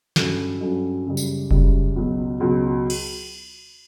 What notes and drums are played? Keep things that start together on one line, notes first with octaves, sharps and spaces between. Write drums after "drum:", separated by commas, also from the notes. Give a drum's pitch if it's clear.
G2 F#3 C#4 F#4 A4, drum: snare
G2 F#3 C#4 F#4 A4
F#2 C#3 G3
drum: tambourine
F#2 C#3 G3, drum: kick F1
C#2 B2 F#3
C#2 B2 F#3
drum: cymbal